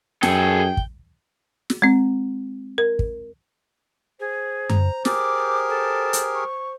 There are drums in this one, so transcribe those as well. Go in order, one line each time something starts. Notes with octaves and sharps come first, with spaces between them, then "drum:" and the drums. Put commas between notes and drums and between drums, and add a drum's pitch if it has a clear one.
F#2 G#4 A4 G5, drum: snare
drum: kick
drum: snare
G#3 C4
A#4
drum: kick
G#4 C5
A#5, drum: tom F#2
G4 G#4 A#4 D6, drum: snare
A4
drum: hi-hat
C#6